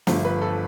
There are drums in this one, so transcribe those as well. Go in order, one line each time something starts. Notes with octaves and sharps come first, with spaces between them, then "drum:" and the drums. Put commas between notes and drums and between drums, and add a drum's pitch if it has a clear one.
G1 G2 D3 F3 A3 C5, drum: snare
B4
A4